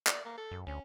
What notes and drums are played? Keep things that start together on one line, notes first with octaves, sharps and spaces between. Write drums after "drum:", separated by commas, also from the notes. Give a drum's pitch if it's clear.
D5, drum: clap
A#3
A4
F#2
D2 C#4